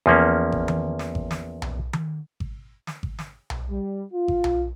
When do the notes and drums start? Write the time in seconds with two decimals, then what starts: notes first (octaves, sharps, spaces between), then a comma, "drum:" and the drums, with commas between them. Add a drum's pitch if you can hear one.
0.06 E2 F3 A#3 C#4
0.52 drum: kick G#1
0.68 drum: tom D#3
0.99 drum: snare
1.15 drum: kick G#1
1.31 drum: snare
1.62 drum: tom B1
1.93 drum: tom D#3
2.40 drum: kick G#1
2.87 drum: snare
3.03 drum: kick G#1
3.19 drum: snare
3.50 drum: tom B1
3.70 G3
4.13 F4
4.28 drum: kick G#1
4.44 drum: tom B1